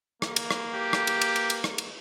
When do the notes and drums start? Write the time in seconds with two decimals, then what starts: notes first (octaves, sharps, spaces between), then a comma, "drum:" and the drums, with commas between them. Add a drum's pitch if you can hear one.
0.22 A#3, drum: rim click
0.36 drum: cymbal
0.51 drum: rim click
0.74 G4
0.93 drum: rim click
1.07 drum: cymbal
1.21 drum: cymbal
1.36 drum: cymbal
1.50 drum: cymbal
1.64 drum: rim click
1.78 drum: cymbal